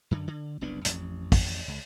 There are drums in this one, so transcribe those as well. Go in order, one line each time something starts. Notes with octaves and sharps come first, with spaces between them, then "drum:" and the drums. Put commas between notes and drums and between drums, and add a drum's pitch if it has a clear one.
F#2 D3
D3
F#1 C2 B3 D4
A1 F2, drum: hi-hat
drum: kick, open hi-hat
C#2